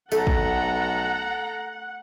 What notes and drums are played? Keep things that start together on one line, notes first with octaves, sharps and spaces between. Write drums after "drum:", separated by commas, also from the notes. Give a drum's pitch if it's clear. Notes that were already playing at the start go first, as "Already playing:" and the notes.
B1 A3 A4 F#5 A#5, drum: tambourine
drum: kick